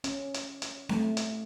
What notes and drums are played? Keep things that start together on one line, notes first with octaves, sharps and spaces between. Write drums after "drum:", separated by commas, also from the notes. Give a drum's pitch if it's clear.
C#4, drum: hi-hat
drum: hi-hat
drum: hi-hat
A3, drum: snare C4
drum: hi-hat